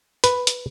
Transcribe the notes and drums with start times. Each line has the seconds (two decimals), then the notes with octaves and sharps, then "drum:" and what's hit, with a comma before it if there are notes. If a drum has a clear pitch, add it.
0.24 B4, drum: hi-hat
0.47 drum: hi-hat